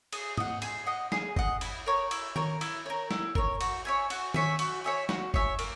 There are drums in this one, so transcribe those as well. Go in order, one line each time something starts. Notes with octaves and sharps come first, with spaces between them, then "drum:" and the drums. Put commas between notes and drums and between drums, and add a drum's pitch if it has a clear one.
G#4, drum: cymbal
D#5 F#5, drum: tom G#2
G#4, drum: cymbal
D#5 F#5
G#4, drum: snare
D#5 F#5, drum: kick
E4, drum: cymbal
A#4 C#5
E4, drum: cymbal
A#4 C#5, drum: tom D#3
E4, drum: cymbal
A#4 C#5
E4, drum: snare
A#4 C#5, drum: kick
F#4, drum: cymbal
C#5 E5 G#5
F#4, drum: cymbal
C#5 E5 G#5, drum: tom D#3
F#4, drum: cymbal
C#5 E5 G#5
F#4, drum: snare
C#5 E5 G#5, drum: kick
A#3, drum: cymbal